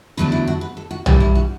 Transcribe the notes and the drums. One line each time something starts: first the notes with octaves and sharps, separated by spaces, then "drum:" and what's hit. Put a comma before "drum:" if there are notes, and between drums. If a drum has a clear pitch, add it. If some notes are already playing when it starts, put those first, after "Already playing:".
E2 D3 F#3 A3 D4 B4
E4
F#4
B4
A4
F#4
G2 E3 G3 F#4, drum: tom B1
E4
F#4